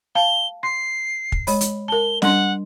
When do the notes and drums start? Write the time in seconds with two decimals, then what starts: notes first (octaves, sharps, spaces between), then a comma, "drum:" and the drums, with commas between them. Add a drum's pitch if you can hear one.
0.15 F5 A5 G7
0.63 C6 C7
1.32 drum: kick
1.47 G#3 C#5 B5, drum: open hi-hat
1.61 drum: hi-hat
1.88 A#4 A5 G7
2.22 G3 D4 F#5 C6, drum: snare